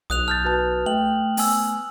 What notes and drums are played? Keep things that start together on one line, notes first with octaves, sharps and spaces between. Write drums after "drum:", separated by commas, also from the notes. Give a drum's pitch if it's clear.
B1 D#6 F#6 F7
A5 F6 G6 A6
F#4 B4 A5
A3 G5 F#7
B3 G#5 E6, drum: open hi-hat